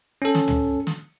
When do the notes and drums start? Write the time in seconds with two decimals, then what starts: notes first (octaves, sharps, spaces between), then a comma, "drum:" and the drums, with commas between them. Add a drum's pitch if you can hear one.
0.22 C#4 A4
0.35 drum: snare
0.48 drum: tom
0.87 drum: snare